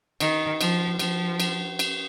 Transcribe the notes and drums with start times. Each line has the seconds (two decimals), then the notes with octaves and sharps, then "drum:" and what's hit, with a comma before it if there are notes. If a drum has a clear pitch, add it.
0.20 D#3, drum: cymbal
0.61 F3, drum: cymbal
0.99 F3, drum: cymbal
1.40 drum: cymbal
1.79 drum: cymbal